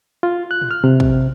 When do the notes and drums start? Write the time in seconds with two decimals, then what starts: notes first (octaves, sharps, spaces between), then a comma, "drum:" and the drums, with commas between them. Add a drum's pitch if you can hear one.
0.23 F4
0.51 F#6
0.62 drum: tom
0.71 F6
0.84 C3
1.00 drum: kick